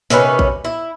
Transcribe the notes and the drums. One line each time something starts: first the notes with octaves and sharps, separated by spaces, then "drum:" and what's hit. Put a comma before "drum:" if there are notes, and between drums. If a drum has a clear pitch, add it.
C3 D#3 C#4 B4, drum: snare
drum: kick
E4